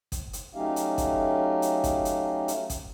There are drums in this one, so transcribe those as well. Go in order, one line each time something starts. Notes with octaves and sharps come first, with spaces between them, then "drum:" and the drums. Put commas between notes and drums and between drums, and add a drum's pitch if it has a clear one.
drum: kick, hi-hat
drum: hi-hat
F#3 A3 C#4 D#4 G4 F5
drum: hi-hat
drum: kick, hi-hat
drum: hi-hat
drum: kick, hi-hat
drum: hi-hat
drum: hi-hat
drum: kick, hi-hat